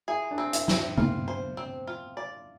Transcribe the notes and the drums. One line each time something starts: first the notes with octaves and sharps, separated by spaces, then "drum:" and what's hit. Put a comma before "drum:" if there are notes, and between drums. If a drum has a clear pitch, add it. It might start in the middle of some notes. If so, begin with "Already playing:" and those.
E4 G#4
D4
C4
E4, drum: hi-hat
C4, drum: snare
F4, drum: tom
C5
C4
F4
D5